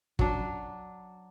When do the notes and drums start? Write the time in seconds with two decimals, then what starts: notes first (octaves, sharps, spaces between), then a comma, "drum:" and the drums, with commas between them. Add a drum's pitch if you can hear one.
0.19 F#3 D4, drum: kick